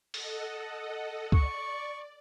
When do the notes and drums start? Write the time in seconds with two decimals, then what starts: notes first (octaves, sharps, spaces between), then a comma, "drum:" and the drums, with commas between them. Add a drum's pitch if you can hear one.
0.14 A4 D#5 F#5, drum: open hi-hat
1.32 D5 C#6, drum: kick C#2